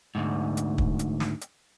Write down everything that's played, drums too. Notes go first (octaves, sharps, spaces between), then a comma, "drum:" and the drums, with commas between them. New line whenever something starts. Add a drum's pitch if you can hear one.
D2 G#2
drum: hi-hat
drum: kick
drum: hi-hat
drum: snare
drum: hi-hat